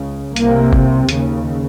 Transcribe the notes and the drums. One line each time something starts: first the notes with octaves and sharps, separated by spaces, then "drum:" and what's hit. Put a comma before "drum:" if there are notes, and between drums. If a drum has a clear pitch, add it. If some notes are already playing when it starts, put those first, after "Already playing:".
Already playing: C#2 C#3
C2 C3 A#3, drum: hi-hat
drum: kick G1
D#2 C#3, drum: hi-hat